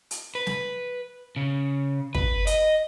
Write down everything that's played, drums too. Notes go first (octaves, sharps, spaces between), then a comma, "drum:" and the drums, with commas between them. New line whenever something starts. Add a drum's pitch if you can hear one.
drum: hi-hat
B4
drum: snare
C#3
B4, drum: kick
D#5, drum: hi-hat